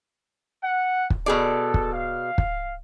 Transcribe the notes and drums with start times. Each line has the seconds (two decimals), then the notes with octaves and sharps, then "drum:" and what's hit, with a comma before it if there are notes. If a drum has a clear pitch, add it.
0.63 F#5
1.10 drum: kick
1.26 B2 G#4 A4 D5
1.74 drum: kick
1.93 F5
2.38 drum: kick